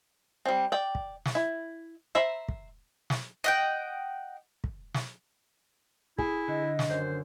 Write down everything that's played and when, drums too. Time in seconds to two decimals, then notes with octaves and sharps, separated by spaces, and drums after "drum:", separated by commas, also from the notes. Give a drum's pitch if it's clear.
0.45 G3 C4
0.72 D5 G5
0.95 drum: kick
1.26 drum: snare
1.35 E4
2.15 C5 E5 A#5 B5
2.49 drum: kick
3.10 drum: snare
3.44 D#5 F#5 G5
4.64 drum: kick
4.94 drum: snare
6.18 E4 G#4, drum: kick
6.48 D3 D#5
6.79 drum: snare
6.89 F#2 D#3 C5